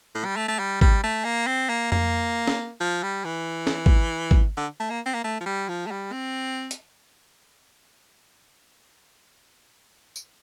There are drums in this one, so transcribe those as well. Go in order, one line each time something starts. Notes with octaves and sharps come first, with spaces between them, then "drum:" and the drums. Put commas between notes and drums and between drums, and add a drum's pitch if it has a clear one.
A2
G3
A3
A3
G3
G3, drum: kick
A3
A#3
C4
A#3
A#3, drum: tom F2
drum: snare
F3
G3
E3
drum: snare
drum: kick
drum: kick
D3
A3
A#3
C4
A#3
A3
F3
G3
F3
A3
G3
C4
drum: hi-hat
drum: tambourine